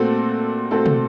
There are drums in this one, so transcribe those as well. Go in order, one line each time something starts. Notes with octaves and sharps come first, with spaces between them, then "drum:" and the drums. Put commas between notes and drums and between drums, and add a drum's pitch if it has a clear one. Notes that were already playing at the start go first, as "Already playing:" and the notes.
Already playing: A#2 A3 C4 F#4 A4
A#2 A3 C4 F#4 A4
drum: tom